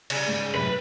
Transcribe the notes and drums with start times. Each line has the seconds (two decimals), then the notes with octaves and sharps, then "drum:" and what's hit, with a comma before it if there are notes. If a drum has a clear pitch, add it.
0.10 C#3 G3, drum: cymbal
0.28 G#2
0.54 F#2 A2 C3 B4 B5